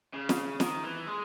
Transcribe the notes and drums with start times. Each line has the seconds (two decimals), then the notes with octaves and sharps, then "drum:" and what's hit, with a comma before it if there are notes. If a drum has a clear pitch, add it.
0.14 C#3
0.29 drum: snare
0.60 D#3, drum: snare
0.83 E3
1.07 G#3